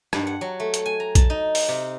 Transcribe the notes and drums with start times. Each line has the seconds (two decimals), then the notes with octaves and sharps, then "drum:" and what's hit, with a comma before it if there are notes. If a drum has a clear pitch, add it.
0.13 G2, drum: rim click
0.27 F#5
0.41 F#3
0.60 A3
0.74 drum: hi-hat
0.86 G#5
1.00 A#5
1.15 A5, drum: kick A#1, hi-hat
1.30 D#4
1.55 drum: open hi-hat
1.68 C3